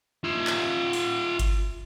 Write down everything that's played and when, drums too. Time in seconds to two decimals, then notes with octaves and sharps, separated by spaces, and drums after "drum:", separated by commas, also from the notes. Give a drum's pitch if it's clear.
0.24 F4 E5
0.47 drum: clap
0.93 drum: open hi-hat
1.39 drum: kick G1, hi-hat